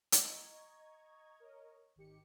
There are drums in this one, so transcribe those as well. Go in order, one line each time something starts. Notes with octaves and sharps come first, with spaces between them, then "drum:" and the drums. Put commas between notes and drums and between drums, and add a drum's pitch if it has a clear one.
drum: hi-hat
D#5 A#5 C#6 G#6
A#4 C#5 D#5
G#1 D#3 G4 C#7